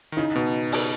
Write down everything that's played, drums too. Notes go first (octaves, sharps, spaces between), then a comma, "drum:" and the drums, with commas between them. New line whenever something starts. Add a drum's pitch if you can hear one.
D#3
C#3 D#4
B2 B3
drum: open hi-hat